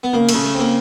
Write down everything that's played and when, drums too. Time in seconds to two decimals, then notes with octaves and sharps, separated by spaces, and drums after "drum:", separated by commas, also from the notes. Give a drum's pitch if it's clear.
0.03 B3
0.13 C#3 A#3
0.29 A3, drum: cymbal
0.34 C#3
0.44 A3
0.54 C4
0.59 A#3